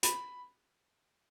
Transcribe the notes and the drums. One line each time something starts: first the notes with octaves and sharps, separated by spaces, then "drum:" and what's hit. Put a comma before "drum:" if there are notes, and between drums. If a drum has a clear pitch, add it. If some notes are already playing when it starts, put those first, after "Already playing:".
B5, drum: hi-hat